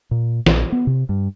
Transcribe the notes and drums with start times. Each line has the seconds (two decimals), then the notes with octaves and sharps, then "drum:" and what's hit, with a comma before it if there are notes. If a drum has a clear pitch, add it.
0.11 A#2
0.46 A#1, drum: snare
0.72 B3
0.87 C3
1.09 G2